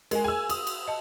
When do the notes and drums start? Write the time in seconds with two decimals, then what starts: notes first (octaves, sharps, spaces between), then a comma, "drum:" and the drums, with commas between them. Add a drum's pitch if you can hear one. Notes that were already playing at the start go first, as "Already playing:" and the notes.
0.11 G#3 A#4 G#5, drum: cymbal
0.24 G#4 G#5 E6
0.50 D#6, drum: cymbal
0.67 drum: cymbal
0.88 D#5 A5